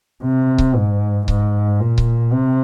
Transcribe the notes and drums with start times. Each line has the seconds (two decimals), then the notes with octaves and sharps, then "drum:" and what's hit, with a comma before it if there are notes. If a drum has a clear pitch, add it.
0.24 C3
0.58 drum: kick C#1
0.76 G#2
1.28 G#2, drum: kick C#1
1.80 A#2
1.98 drum: kick C#1
2.32 C3